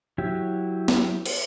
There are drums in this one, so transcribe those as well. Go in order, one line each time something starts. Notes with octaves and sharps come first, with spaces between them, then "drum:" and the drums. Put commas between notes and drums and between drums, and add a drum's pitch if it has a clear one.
F#3 E4 G4
drum: snare
drum: cymbal